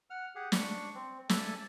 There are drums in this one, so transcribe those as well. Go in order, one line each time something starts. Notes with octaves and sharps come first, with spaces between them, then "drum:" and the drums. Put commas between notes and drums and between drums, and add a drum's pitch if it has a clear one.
F#5 F6
G4 G#4 F#5
D4 C#6, drum: snare
C4
A4 D5 E5 G#5 A5, drum: snare